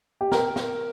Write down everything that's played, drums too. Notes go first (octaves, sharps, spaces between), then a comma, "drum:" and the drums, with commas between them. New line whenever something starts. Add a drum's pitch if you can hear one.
G4
A#4, drum: snare
drum: snare